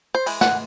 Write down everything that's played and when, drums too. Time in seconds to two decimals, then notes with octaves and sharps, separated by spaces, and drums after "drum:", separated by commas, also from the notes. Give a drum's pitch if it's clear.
0.15 C5
0.26 E3 G#3, drum: open hi-hat
0.41 F#5, drum: snare